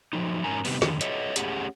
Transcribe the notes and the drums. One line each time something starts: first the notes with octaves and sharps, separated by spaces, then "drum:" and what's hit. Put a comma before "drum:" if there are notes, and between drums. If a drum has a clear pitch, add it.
F3 F#3 D#4
G#2 C#4 D#4 A#4 G#5 A#5
C3 D#3 G3 B3, drum: open hi-hat
F2 D3 D#3, drum: snare
G4 A4 C#5 D#5 E5 F#5, drum: hi-hat
A3 C#4 G4 G#4 C#5 F#5, drum: hi-hat